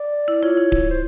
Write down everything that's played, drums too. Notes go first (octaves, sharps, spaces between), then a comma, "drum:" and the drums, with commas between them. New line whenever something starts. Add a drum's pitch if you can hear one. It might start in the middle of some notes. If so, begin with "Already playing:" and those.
Already playing: D5
E4
F4 C#5
E4
drum: kick D1
C5